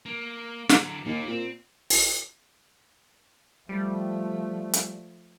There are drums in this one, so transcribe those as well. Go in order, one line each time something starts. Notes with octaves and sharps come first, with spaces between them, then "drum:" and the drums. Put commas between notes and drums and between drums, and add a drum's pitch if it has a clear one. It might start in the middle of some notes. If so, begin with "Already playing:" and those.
A#3
D3 F#3, drum: snare
D#2 A#2
A#2 C4
drum: open hi-hat
F3 G3 A3
drum: hi-hat